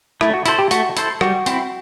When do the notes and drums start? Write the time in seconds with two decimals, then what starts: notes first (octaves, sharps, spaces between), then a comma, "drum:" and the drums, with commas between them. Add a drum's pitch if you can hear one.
0.21 A3 E4, drum: rim click
0.34 F#4
0.46 E4 A4 C5, drum: hi-hat
0.59 G4
0.71 A3 F#4, drum: hi-hat
0.97 E4 A4 C5, drum: hi-hat
1.21 G3 F#4, drum: rim click
1.46 C4 E4, drum: hi-hat